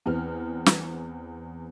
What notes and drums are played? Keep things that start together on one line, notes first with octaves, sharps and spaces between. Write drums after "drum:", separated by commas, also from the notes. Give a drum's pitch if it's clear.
E2 B3 C4 F6
drum: snare